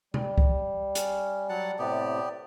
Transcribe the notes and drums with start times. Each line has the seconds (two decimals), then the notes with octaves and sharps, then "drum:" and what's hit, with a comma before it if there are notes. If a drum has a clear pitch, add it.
0.14 G3, drum: tom C3
0.38 drum: kick C2
0.95 C#4, drum: hi-hat
1.49 F#3 F#5 A5
1.79 A2 C3 B3 G4 D5